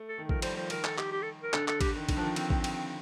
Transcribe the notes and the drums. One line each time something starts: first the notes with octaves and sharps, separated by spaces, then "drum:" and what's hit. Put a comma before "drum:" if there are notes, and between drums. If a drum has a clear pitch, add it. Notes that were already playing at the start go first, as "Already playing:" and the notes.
Already playing: A3
A4
D#3
F3 A#4, drum: kick
G3 C5, drum: cymbal
F3 C5
D#3 A#4, drum: cymbal
A4, drum: clap
G4, drum: clap
G4
A4
A#4
D3 A4, drum: clap
A4, drum: clap
G4, drum: kick, cymbal
D#3
D3, drum: kick, cymbal
F3 D4
D#3
C4, drum: cymbal
drum: kick
drum: cymbal